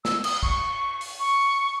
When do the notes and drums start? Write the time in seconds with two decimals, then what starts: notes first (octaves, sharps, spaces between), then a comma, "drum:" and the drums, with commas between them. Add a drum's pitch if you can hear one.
0.05 E6, drum: snare
0.24 D#6, drum: cymbal
0.43 C#6, drum: kick
1.01 drum: open hi-hat
1.20 C#6